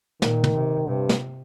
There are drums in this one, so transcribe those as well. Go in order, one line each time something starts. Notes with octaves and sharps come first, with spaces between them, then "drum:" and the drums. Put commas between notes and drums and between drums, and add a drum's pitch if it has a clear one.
A#2 D#3, drum: snare
drum: tom
C3
G2 C3
drum: snare